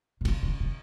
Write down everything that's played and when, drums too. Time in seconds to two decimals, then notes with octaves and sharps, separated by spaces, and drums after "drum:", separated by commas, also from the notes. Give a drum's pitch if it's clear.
0.21 C3
0.25 C#3, drum: kick, cymbal
0.43 C#3
0.60 C#3